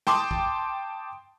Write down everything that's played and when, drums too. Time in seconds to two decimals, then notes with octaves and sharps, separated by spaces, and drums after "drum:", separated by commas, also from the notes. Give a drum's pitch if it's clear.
0.07 G5 A5 C6 D6 D#6, drum: snare
0.31 drum: kick